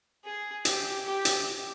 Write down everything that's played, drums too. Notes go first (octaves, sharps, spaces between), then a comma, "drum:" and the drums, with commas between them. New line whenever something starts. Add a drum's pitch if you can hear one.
G#4
G4, drum: hi-hat
G4
drum: hi-hat